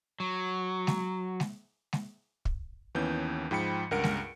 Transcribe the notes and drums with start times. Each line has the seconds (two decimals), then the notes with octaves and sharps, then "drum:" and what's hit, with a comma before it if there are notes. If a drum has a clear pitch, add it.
0.20 F#3
0.87 drum: snare G#3
1.40 drum: snare G#3
1.93 drum: snare G#3
2.45 drum: kick
2.95 D#2 E3 B3 C#4 G6
3.51 G#2 F3 G5 B5 C#7
3.91 C#2 G2 A#4 F#5 C#7 D7
4.04 drum: snare G#3